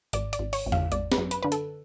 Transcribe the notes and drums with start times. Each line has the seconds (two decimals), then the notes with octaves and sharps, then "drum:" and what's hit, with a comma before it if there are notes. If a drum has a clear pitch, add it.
0.13 G#1 D5, drum: hi-hat
0.33 D5, drum: hi-hat
0.39 G#1
0.53 C#5, drum: open hi-hat
0.66 G#1
0.72 F5, drum: tom E2
0.92 G#1 D5, drum: hi-hat
1.12 B4, drum: snare
1.18 F#2
1.31 B4, drum: hi-hat
1.43 D3 B4
1.52 A4, drum: hi-hat